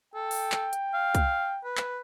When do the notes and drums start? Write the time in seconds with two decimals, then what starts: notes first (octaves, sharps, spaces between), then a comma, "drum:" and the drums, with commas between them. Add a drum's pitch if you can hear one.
0.15 A4 G5
0.31 drum: open hi-hat
0.52 drum: clap
0.73 drum: hi-hat
0.94 F5
1.15 drum: kick, hi-hat
1.64 B4
1.77 drum: clap